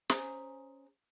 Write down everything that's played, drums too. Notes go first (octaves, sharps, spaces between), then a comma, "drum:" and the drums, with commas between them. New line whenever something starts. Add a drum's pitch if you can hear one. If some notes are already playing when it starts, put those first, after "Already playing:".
C#4 G#4 C5 A#5, drum: snare